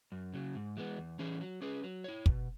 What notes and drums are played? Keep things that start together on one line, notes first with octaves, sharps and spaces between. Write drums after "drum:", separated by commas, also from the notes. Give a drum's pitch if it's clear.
F#2
C#3 F#3
G#2
E3 G#3 B3
E2
E3 C#4 G#4 C#5
F#3
C#4 G#4 B4
F#3
E4 C#5
B2, drum: kick